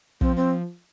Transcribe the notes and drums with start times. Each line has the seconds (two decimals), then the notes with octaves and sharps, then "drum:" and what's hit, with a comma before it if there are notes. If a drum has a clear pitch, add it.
0.21 F3 C4, drum: kick
0.36 C4